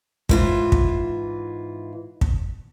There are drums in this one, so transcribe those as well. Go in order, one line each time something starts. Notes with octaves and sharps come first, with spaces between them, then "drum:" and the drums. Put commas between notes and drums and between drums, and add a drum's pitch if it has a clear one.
G#2 E3 F4, drum: kick
drum: kick
drum: kick